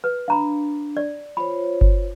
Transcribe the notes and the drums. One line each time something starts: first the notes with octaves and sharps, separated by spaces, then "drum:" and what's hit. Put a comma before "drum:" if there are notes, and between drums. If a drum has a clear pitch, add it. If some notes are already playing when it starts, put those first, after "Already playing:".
B4
D4 F5 A#5 B5
D5
F4 C5 C#5 B5
drum: kick G1